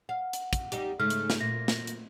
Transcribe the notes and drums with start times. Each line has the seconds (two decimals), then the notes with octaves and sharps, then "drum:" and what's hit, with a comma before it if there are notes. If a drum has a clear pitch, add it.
0.09 F5 F#5
0.33 drum: hi-hat
0.53 drum: kick, hi-hat
0.72 G3 D#4 G4, drum: hi-hat
1.00 G#2 C#3 A3 F6
1.10 drum: hi-hat
1.30 drum: snare
1.40 A#2 A#6
1.68 drum: snare
1.87 drum: hi-hat